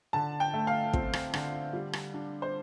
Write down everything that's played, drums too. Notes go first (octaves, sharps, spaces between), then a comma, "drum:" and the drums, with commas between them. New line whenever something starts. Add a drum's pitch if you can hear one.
D3 A5
G5
A3
F5
C4, drum: kick
drum: rim click
D3, drum: rim click
G3
drum: rim click
D4
C5